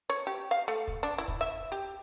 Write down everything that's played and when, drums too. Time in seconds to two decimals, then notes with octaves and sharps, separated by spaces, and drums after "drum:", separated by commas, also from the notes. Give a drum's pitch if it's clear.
0.10 C#5
0.27 G4
0.51 F5
0.68 A3
0.88 drum: kick
1.03 D4
1.18 E4
1.28 drum: kick
1.41 E5
1.72 G4